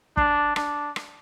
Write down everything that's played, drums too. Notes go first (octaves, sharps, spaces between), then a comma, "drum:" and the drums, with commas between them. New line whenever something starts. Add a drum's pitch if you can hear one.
D4, drum: kick
D4, drum: rim click
drum: rim click